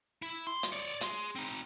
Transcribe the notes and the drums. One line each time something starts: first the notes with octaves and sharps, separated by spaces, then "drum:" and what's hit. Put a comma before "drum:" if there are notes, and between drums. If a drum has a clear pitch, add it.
E4
C6
drum: hi-hat
C#5 D5
G#4 C6, drum: hi-hat
C4 D#4